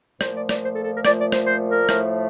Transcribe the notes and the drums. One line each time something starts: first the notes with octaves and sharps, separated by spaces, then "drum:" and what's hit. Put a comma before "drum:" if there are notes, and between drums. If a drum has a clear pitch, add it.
A#2 F3 A3 C5, drum: rim click
D5
D5, drum: rim click
C5
A4
A4
A#4
A#2 F3 A3 D5, drum: rim click
D5
C5, drum: rim click
C5
A#4
A2 F3 A3, drum: rim click